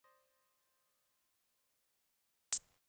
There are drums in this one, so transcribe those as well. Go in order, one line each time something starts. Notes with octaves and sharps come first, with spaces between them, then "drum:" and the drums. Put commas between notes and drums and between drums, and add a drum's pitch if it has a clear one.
C5 D5 C6 D#6 A#6
drum: hi-hat